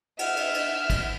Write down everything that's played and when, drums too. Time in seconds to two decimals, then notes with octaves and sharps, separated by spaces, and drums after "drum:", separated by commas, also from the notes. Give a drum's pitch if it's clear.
0.19 E5 F6, drum: cymbal
0.37 drum: cymbal
0.54 drum: cymbal
0.90 drum: kick, cymbal